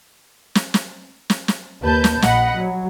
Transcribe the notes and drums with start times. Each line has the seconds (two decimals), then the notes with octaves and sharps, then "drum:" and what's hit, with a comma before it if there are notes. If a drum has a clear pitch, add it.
0.55 drum: snare
0.74 drum: snare
1.30 drum: snare
1.48 drum: snare
1.82 D#2 B4 A5 G6
2.04 drum: snare
2.22 A#1 D#5 F#5 B5, drum: snare
2.55 F#3